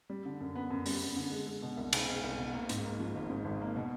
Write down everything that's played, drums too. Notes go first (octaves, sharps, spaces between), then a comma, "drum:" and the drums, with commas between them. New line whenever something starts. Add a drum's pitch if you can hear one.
G3
D3
F#2
B3
F#2
G3, drum: open hi-hat
B3
D3
G#3
G#3
B2
C2
B2, drum: cymbal
G#3
C2
B2
A#3
G#2, drum: hi-hat
A#3
F3
G#1
G#2
G#1
A#3
B2